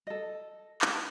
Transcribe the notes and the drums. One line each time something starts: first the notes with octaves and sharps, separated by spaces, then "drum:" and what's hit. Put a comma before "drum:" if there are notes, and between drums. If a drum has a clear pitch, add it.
A4 D#5
drum: clap